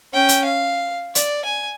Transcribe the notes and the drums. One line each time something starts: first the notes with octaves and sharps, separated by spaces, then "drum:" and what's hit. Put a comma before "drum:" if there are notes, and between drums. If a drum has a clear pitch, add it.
C#4 G5
drum: hi-hat
F5
D5, drum: hi-hat
G#5